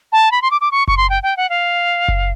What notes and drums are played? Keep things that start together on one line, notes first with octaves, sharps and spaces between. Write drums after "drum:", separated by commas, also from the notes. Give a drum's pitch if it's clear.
A5
B5
C6
D6
D6
C#6
C#6, drum: kick F#1
C6
G5
G5
F#5
F5
drum: kick F#1